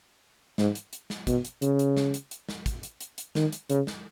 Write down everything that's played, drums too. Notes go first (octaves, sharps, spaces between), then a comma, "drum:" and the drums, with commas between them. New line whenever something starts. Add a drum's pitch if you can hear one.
G#2, drum: snare
drum: hi-hat
drum: hi-hat
drum: snare
B2, drum: kick, hi-hat
drum: hi-hat
C#3, drum: hi-hat
drum: hi-hat
drum: snare
drum: hi-hat
drum: hi-hat
drum: snare
drum: kick, hi-hat
drum: hi-hat
drum: hi-hat
drum: hi-hat
D#3, drum: snare
drum: hi-hat
C#3, drum: hi-hat
drum: snare